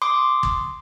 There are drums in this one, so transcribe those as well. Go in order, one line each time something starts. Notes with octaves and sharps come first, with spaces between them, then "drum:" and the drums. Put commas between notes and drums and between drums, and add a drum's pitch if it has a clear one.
C6 D6 D#6
drum: kick